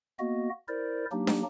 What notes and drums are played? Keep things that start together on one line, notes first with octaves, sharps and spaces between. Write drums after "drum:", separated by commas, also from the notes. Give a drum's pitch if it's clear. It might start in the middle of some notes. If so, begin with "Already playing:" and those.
A#3 B3 F#4 D#5
E4 A#4 C5 D5
F#3 A#3 D4 D#4 G4
drum: snare